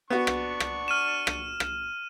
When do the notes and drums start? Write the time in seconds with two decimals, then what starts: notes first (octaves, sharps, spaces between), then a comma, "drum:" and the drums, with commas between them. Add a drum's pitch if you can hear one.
0.10 B3 D4 F#4 C#6
0.27 drum: rim click
0.60 drum: rim click
0.88 F6 D#7 E7
1.27 drum: rim click
1.60 drum: rim click